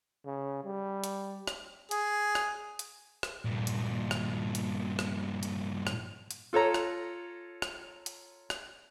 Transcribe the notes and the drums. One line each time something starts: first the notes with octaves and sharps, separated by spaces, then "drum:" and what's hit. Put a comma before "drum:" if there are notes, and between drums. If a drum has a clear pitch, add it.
C#3
G3
drum: hi-hat
drum: rim click
G#4, drum: hi-hat
drum: rim click
drum: hi-hat
drum: rim click
G2 A#2
drum: hi-hat
drum: rim click
drum: hi-hat
drum: rim click
drum: hi-hat
drum: rim click
drum: hi-hat
F4 A4 C#5 A#5
drum: rim click
drum: rim click
drum: hi-hat
drum: rim click